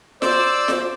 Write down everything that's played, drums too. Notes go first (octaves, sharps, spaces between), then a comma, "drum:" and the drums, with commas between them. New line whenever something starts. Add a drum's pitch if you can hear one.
C5 D5 D6 E6, drum: snare F4
drum: snare F4